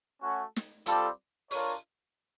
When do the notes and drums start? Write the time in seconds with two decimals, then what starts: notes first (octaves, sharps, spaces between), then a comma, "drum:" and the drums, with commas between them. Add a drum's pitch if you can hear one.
0.20 A3 C#4 F#4
0.56 drum: snare
0.86 G3 C4 F4 A4 D5, drum: hi-hat
1.51 D4 F4 A#4 C#5, drum: open hi-hat